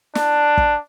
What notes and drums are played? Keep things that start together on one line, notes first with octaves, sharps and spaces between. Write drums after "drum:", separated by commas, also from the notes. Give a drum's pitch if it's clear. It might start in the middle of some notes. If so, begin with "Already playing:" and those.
D4, drum: snare
drum: kick